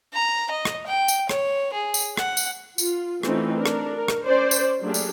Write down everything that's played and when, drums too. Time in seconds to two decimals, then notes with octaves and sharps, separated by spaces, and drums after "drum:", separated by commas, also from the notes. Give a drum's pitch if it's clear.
0.14 A#5
0.51 D#5
0.65 drum: rim click
0.87 G5
1.08 drum: tambourine
1.29 C#5, drum: rim click
1.73 G#4
1.94 drum: tambourine
2.17 F#5, drum: rim click
2.37 drum: tambourine
2.78 F4, drum: tambourine
3.23 E3 A3 C4 C#4 D#4 F4, drum: rim click
3.56 D4 A#4
3.66 drum: rim click
3.96 A#4
4.08 drum: rim click
4.24 C#4 C5 D5
4.51 drum: tambourine
4.81 F#3 A3 A#3 D4 G4 G#4
4.94 drum: tambourine